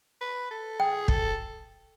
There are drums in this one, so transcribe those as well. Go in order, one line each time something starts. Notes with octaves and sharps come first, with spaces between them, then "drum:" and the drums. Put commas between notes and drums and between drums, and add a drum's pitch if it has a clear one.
B4
A4
G#4 G5
A4, drum: kick